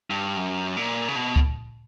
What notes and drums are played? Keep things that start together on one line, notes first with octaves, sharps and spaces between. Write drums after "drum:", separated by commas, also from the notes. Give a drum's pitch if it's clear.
G2
F#2
A#2
C#3
B2
drum: kick C#2